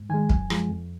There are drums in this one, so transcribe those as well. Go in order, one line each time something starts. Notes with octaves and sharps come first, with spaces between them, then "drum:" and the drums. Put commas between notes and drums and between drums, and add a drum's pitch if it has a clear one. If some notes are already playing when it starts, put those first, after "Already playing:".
Already playing: G#2
D#3 G#3 G#5
F#2, drum: kick
F3 G#3, drum: rim click
F2